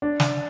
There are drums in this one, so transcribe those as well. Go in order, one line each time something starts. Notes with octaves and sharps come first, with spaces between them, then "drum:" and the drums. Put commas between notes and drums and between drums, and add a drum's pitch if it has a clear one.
D4
drum: snare